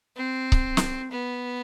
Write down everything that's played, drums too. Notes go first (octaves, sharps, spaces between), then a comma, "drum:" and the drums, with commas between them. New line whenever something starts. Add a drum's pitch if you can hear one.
C4
drum: kick C#1
drum: snare
B3